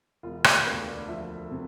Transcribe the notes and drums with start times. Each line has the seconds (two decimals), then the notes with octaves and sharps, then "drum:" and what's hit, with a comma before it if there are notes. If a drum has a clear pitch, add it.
0.23 E1 F4
0.44 G4, drum: rim click
0.66 D2 B4
0.87 D5
1.08 F3 E5
1.51 C3